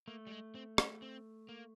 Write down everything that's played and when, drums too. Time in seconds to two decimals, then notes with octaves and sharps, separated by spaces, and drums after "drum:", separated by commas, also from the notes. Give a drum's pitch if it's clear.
0.08 A3 A#3
0.27 G3
0.31 G#3
0.55 C4
0.78 C#4, drum: rim click
1.02 C4
1.49 A#3